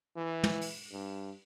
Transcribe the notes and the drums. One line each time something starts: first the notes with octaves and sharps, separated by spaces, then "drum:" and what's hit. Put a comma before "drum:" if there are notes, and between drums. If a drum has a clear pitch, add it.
E3
drum: tom
drum: open hi-hat
G2